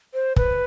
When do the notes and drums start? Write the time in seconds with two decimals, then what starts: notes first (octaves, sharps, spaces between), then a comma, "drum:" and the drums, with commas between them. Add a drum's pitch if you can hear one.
0.14 C5
0.36 B4, drum: kick